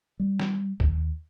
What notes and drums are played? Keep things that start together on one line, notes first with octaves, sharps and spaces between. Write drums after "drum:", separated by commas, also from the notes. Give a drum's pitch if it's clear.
G3
drum: snare
D#2, drum: kick